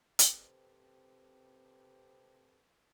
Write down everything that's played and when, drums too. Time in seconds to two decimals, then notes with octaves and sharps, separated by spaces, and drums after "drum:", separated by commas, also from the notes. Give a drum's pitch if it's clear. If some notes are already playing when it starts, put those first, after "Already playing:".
0.19 C3 C4 G4 A4 B4 C5, drum: hi-hat